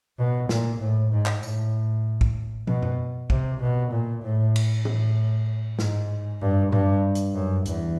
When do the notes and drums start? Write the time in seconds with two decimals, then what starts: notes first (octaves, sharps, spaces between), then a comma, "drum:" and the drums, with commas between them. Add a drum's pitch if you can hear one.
0.18 B2
0.49 A#2, drum: snare
0.81 A2
1.12 G#2
1.26 drum: clap
1.43 A2, drum: tambourine
2.21 drum: kick
2.67 B2, drum: tom
2.82 drum: tom F#2
3.30 C3, drum: kick
3.60 B2
3.92 A#2
4.23 A2
4.56 drum: cymbal
4.85 A2, drum: tom
5.79 G#2, drum: snare
6.41 G2
6.72 G2, drum: tom A2
7.15 drum: hi-hat
7.34 F#2
7.66 E2, drum: hi-hat